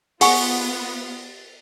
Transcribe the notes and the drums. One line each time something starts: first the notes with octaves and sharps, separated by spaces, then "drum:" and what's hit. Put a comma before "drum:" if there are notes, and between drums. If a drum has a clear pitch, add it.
B3 F4 G#4 F#5 G#5 C#6, drum: open hi-hat